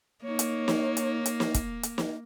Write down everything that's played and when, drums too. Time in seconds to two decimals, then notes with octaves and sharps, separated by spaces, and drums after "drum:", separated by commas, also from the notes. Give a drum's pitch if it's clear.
0.24 A#3 D#4 C#5
0.39 drum: hi-hat
0.68 drum: snare
0.97 drum: hi-hat
1.26 drum: hi-hat
1.40 drum: snare
1.54 drum: kick, hi-hat
1.83 drum: hi-hat
1.98 drum: snare